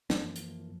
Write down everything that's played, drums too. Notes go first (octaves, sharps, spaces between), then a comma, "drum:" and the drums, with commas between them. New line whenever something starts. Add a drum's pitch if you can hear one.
F#2 E3 F3 A#3, drum: snare
drum: hi-hat